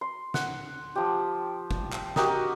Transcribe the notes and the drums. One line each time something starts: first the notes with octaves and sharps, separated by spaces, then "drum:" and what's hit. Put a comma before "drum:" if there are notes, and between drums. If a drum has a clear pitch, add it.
C6
F#5, drum: snare
F3 G4
drum: kick
drum: clap
F#4 G4 A#4 D#5, drum: snare